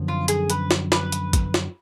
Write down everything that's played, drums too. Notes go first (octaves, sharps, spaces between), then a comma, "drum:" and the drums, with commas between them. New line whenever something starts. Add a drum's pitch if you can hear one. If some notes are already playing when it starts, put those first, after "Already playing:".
Already playing: F#2 D3 F3 B3
F4
G#4, drum: hi-hat
B4, drum: hi-hat
drum: snare
B4, drum: snare
drum: hi-hat
drum: kick A1, hi-hat
drum: snare